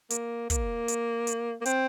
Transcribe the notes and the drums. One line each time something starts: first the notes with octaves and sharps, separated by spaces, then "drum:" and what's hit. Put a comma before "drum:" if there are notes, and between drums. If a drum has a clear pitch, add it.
A#3, drum: hi-hat
A#3, drum: kick, hi-hat
drum: hi-hat
drum: hi-hat
A#3
C4, drum: hi-hat